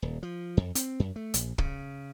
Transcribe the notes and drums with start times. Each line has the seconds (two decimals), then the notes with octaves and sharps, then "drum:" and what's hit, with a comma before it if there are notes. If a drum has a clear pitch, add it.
0.02 D#1
0.23 F3
0.57 F2
0.75 C4, drum: hi-hat
1.00 F#2
1.16 A3
1.34 A#1, drum: hi-hat
1.58 C#3, drum: kick